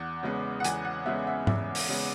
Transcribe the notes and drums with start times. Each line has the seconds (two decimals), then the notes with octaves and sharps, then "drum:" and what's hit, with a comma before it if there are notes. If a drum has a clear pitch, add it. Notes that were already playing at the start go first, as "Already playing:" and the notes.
Already playing: E2 F#5
0.23 C#3 G#3 B3
0.60 F#5
0.64 E2 G#5, drum: hi-hat
0.85 F#5
1.06 C#3 G#3 B3 E5
1.27 E5
1.47 E2 E5, drum: tom G#2
1.75 drum: open hi-hat
1.89 C#3 G#3 B3